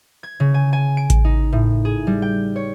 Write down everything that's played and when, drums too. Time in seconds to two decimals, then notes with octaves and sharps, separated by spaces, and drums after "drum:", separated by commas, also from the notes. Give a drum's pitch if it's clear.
0.23 G#6
0.40 C#3
0.54 G#5
0.73 G#5
0.97 D7
1.10 drum: kick A1, hi-hat
1.24 D#4
1.52 A2
1.85 G#4
2.07 G3
2.22 G5
2.56 C#5